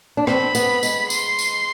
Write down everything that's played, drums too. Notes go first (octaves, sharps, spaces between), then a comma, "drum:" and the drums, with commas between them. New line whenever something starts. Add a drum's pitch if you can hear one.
D4
C4 B5, drum: rim click
B3, drum: tambourine
G#3, drum: tambourine
C6, drum: tambourine
drum: tambourine